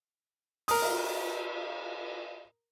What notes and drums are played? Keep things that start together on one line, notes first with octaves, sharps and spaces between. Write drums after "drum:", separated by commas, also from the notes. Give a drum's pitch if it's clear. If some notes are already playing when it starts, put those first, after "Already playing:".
A#4 D#6, drum: open hi-hat
drum: cymbal